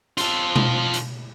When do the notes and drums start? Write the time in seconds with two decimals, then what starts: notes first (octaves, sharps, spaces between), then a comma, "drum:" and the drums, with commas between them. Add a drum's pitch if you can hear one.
0.18 F4 A4, drum: hi-hat
0.56 drum: tom B2
0.94 drum: hi-hat